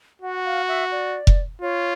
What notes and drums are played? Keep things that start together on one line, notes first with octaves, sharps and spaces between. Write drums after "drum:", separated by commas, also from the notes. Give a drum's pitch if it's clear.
F#4 F#5
F5
E5
D5
drum: kick F1
F4 C#5